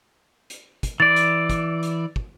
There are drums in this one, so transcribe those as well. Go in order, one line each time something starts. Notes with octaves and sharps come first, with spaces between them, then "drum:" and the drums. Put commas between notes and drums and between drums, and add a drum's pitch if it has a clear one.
drum: hi-hat
drum: kick, hi-hat
E3 D5 A6
drum: hi-hat
drum: kick, hi-hat
drum: hi-hat
drum: kick